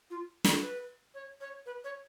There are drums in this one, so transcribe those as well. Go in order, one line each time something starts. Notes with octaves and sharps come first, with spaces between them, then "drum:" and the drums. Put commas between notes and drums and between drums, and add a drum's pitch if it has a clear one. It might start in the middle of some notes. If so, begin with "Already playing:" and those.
F4
A#4, drum: snare
B4
C#5
C#5
B4
C#5